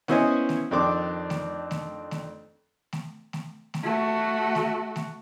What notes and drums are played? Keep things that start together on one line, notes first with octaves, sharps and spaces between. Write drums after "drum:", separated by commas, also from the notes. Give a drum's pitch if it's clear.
B3 C#4 E4 C5 D#5 G#5, drum: snare A3
drum: snare A3
F2 D#3 C4 D4 C6 D6
drum: snare A3
drum: snare A3
drum: snare A3
drum: snare A3
drum: snare A3
drum: snare A3
A3 F#4
drum: snare A3
drum: snare A3